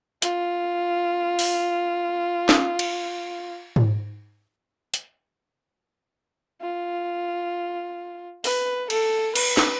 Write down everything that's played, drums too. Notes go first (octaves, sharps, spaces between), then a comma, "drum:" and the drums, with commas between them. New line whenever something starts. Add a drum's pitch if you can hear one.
F4, drum: hi-hat
drum: open hi-hat
drum: snare
drum: cymbal
drum: tom G#2
drum: hi-hat
F4
B4, drum: open hi-hat
A4, drum: cymbal
B4, drum: cymbal
drum: snare